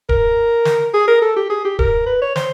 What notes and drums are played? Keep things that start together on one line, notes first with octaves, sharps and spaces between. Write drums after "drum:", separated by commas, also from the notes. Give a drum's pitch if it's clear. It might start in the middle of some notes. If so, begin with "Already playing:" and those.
A#4, drum: kick
drum: snare
G#4
A#4
A4
G4
G#4
G4
A#4, drum: kick
B4
C#5
C5, drum: snare